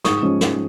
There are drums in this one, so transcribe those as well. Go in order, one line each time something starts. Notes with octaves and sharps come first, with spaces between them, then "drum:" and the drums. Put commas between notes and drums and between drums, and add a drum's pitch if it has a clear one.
G#2 C#6 D#6, drum: snare
F3 G#3 C#4
G#2, drum: snare